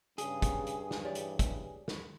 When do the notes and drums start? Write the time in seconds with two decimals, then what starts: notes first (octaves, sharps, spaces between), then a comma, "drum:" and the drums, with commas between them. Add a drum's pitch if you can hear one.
0.18 G2 C#3 G#4, drum: hi-hat
0.42 drum: kick, hi-hat
0.67 drum: hi-hat
0.91 drum: snare
1.04 E3 G4 C#5 D5
1.15 drum: hi-hat
1.39 drum: kick, hi-hat
1.88 drum: snare